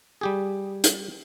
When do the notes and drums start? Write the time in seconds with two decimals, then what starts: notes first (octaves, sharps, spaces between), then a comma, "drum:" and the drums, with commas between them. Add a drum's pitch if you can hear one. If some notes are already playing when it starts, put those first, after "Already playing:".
0.21 G3 G4 G#4
0.84 drum: hi-hat